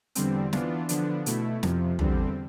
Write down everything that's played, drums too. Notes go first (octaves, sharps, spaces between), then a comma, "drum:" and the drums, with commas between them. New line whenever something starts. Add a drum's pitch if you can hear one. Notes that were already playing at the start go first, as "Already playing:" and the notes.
E2 D3 G3 C4, drum: hi-hat
E3 B3 D4 F4, drum: snare
D3 F3 B3 D4, drum: hi-hat
B2 A3 E4, drum: hi-hat
F2 C3 F3, drum: snare
E2 D3 G3 C4, drum: tom